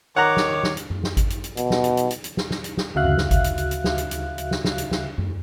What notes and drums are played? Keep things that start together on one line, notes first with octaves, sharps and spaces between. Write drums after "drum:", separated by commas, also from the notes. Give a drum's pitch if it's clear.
D#3 C#5 F#5 A#5 D6
drum: snare
drum: snare
drum: hi-hat
drum: tom F#2
drum: snare
drum: kick G#1, hi-hat
drum: hi-hat
drum: hi-hat
B2, drum: hi-hat
drum: snare
drum: hi-hat
drum: hi-hat
drum: hi-hat
drum: hi-hat
drum: snare
drum: snare
drum: hi-hat
drum: snare
D2 C#3 F#4 E5 F5 F#6
drum: tom F#2
drum: snare
drum: kick G#1, hi-hat
drum: hi-hat
drum: hi-hat
drum: hi-hat
drum: snare
drum: hi-hat
drum: hi-hat
drum: hi-hat
drum: snare
drum: snare
drum: hi-hat
drum: snare
drum: tom F#2